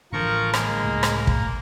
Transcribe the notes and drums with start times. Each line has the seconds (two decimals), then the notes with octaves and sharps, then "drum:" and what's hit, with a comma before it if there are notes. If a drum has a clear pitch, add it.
0.13 A1 D3 F3 A#4 C#6
0.54 G#3 A#3, drum: rim click
0.84 C#2 A2
1.03 drum: rim click
1.17 A#3
1.27 drum: kick